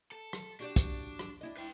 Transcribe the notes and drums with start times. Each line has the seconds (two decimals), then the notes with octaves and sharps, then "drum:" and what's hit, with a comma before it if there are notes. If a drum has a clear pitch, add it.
0.12 A4
0.33 drum: rim click
0.60 D4 F#4 G4 D5
0.76 drum: kick, hi-hat
1.19 drum: rim click
1.41 D4 E4 D#5
1.57 B4 G5